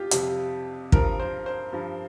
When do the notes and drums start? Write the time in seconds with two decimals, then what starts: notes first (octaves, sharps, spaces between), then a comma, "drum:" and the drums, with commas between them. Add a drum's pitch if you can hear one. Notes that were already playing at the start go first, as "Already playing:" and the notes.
Already playing: F2 F4 G4
0.11 F2 C3 G3, drum: hi-hat
0.92 G2 F3 A#4, drum: kick
1.20 C5
1.46 C5
1.73 G2 F3